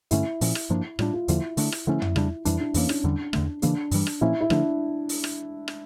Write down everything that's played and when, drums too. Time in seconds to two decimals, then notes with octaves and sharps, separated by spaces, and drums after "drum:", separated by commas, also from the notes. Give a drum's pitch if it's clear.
0.11 G2 D3 A3 C#4 E4, drum: hi-hat
0.41 A#2 F3 C#4, drum: open hi-hat
0.55 drum: rim click
0.70 G2 F3 A#3 D4
0.99 A2 G3 D4 F4, drum: rim click
1.13 F4
1.28 E2 D3 F3 A#3 E4, drum: hi-hat
1.57 D3 A3 D4, drum: open hi-hat
1.72 drum: rim click
1.87 D3 F3 A3 C#4 E4
2.02 drum: tom
2.16 C#3 G3 D4, drum: rim click
2.45 F2 E3 G3 D4 E4, drum: hi-hat
2.60 D4
2.74 F2 E3 A#3 C#4, drum: open hi-hat
2.89 D4, drum: rim click
3.04 E2 D3 G3
3.33 E2 D3 A3, drum: rim click
3.62 C#3 E3 A#3 D4, drum: hi-hat
3.91 G2 E3 G3, drum: open hi-hat
4.07 drum: rim click
4.21 A#2 F3 A#3 C#4 E4
4.41 E4
4.50 D3 F3 A3 D4, drum: rim click
5.09 drum: open hi-hat
5.24 drum: rim click
5.68 drum: rim click